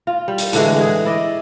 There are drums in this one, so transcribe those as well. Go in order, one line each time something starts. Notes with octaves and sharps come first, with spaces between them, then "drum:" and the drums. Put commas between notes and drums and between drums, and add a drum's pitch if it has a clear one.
F4
G3
drum: hi-hat
A2 D3 E3 G#3, drum: hi-hat
G#3 G#4
E4 D5 D#5